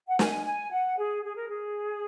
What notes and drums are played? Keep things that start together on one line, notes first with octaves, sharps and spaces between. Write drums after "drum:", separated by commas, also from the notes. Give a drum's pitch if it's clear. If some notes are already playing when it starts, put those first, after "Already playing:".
F#5
G#5, drum: snare
G#5
F#5
G#4
G#4
A#4
G#4